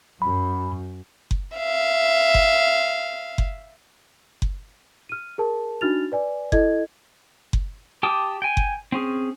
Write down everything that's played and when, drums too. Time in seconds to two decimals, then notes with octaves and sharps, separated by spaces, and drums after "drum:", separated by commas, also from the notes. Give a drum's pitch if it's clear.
0.22 F#2 B5
1.31 drum: kick F#1
1.57 E5 F5
2.34 drum: kick F#1
3.38 drum: kick F#1
4.42 drum: kick F#1
5.09 F6 D#7
5.38 G#4 A#4 A5
5.81 D4 D#4 F#4 F6 A6 F7
6.12 B4 D5 G#5
6.52 E4 A4 D#5 G#6, drum: kick F#1
7.53 drum: kick F#1
8.03 G4 G5 A5 D6 D#6
8.42 G5 G#5
8.57 drum: kick F#1
8.92 C4 C#4 G#4